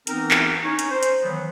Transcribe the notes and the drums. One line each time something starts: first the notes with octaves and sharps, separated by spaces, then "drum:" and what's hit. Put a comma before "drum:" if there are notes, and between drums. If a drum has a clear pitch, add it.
E3 B3 C4 D#4 A#4, drum: hi-hat
drum: clap
C#4 D#4 C#5
drum: hi-hat
C5
drum: hi-hat
D#3 E3 F#3 B3